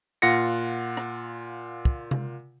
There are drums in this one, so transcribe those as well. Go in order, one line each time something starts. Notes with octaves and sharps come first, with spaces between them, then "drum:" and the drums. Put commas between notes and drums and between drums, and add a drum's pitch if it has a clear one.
A#2 F4 F#5 A#6 C#7
drum: rim click
drum: kick
drum: tom C3